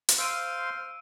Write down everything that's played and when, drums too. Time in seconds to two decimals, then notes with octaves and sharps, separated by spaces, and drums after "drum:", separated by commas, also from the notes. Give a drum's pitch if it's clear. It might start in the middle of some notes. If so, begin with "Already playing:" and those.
0.09 drum: hi-hat
0.18 C5 F5 C6 E6 D7 D#7